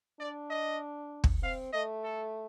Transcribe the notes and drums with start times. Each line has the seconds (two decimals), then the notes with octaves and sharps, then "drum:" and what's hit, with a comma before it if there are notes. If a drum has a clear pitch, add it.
0.19 D4 D5
0.50 D#5
1.24 drum: kick
1.42 C4 F5
1.73 A3 D#5
2.04 A4